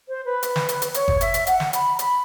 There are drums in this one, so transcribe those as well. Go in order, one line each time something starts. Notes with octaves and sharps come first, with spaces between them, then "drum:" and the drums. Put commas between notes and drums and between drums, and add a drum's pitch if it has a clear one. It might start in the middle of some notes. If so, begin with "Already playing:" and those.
C5
B4
drum: hi-hat
drum: snare
drum: hi-hat
drum: hi-hat
C#5, drum: hi-hat
drum: kick G1
E5, drum: hi-hat
drum: hi-hat
F#5, drum: hi-hat
drum: snare
B5, drum: hi-hat
A#5
B5, drum: hi-hat